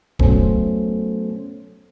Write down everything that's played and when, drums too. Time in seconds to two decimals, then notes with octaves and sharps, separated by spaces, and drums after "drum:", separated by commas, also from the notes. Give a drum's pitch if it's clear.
0.19 F#3 A3 B3 C#4 A4 C5, drum: kick